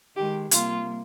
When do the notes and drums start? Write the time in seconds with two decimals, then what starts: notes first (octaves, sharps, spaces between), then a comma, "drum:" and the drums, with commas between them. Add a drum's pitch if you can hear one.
0.16 D#3 G#3 G4
0.51 C3 G3 A#3 F4, drum: hi-hat